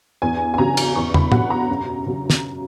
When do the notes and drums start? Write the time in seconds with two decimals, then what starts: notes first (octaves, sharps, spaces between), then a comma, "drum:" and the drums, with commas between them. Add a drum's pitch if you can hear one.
0.22 E2 G#5
0.54 G#5
0.58 C#3 F#3 A#5
0.77 drum: cymbal
0.96 E2 C#6
1.14 B5, drum: tom
1.32 B2 F#3 F#5, drum: tom
1.50 A#5
1.70 F#2
2.06 C#3 F#3
2.30 drum: snare